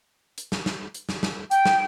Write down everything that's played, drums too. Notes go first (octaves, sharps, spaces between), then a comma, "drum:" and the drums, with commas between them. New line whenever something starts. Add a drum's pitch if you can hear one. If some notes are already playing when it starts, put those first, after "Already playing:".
drum: hi-hat
drum: snare
drum: snare
drum: hi-hat
drum: snare
drum: snare
G5, drum: hi-hat
drum: snare